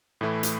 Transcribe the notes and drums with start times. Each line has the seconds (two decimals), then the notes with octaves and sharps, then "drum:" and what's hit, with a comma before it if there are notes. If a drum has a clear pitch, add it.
0.21 A2 E3 A3 E4
0.43 drum: hi-hat